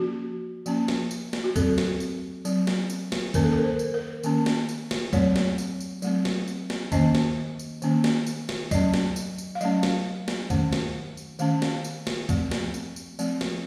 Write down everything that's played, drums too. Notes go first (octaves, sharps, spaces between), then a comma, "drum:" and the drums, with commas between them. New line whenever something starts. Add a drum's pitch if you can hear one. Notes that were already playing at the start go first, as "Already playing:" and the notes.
Already playing: F3 A#3 C#4 F#4
F3 A#3 C#4, drum: tambourine
drum: snare
drum: tambourine
drum: snare
F#4
F#3 C4 A4, drum: kick, tambourine
drum: snare
drum: tambourine
F#3 C4, drum: tambourine
drum: snare
drum: tambourine
drum: snare
D#3 A#3 C#4 A#4, drum: kick, tambourine
A4
A#4
C5
drum: tambourine
A#4
D#3 A#3 C#4, drum: tambourine
drum: snare
drum: tambourine
drum: snare
F#3 A3 C4 C#5, drum: kick, tambourine
drum: snare
drum: tambourine
drum: tambourine
F#3 A3 C4, drum: tambourine
drum: snare
drum: tambourine
drum: snare
D#3 A#3 C#4 D#5, drum: kick, tambourine
drum: snare
drum: tambourine
D#3 A#3 C#4, drum: tambourine
drum: snare
drum: tambourine
drum: snare
F#3 A3 C#4 D#5, drum: kick, tambourine
drum: snare
drum: tambourine
drum: tambourine
F5
F#3 A3 C#4 D#5, drum: tambourine
drum: snare
drum: snare
D#3 A3 C#4, drum: kick, tambourine
drum: snare
drum: tambourine
D#3 A3 C#4 F5, drum: tambourine
drum: snare
drum: tambourine
drum: snare
F3 A3 C4, drum: kick, tambourine
drum: snare
drum: tambourine
drum: tambourine
F3 A3 C4, drum: tambourine
drum: snare